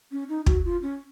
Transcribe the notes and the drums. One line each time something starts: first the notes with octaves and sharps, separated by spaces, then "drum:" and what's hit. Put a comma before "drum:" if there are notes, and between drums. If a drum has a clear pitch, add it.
C#4
D#4
F#4, drum: kick
F4
C#4